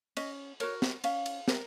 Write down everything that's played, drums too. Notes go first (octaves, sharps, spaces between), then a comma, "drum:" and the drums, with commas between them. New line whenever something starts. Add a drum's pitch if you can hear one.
C#4 D#5, drum: cymbal
F#4 A#4 C#5, drum: cymbal
drum: snare
C#4 F5, drum: cymbal
drum: cymbal
A#4, drum: snare